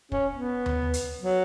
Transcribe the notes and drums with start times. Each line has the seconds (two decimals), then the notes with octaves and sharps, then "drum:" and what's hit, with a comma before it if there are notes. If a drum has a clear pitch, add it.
0.12 C#4, drum: kick
0.33 B3
0.66 drum: tom D#2
0.94 drum: hi-hat
1.22 F#3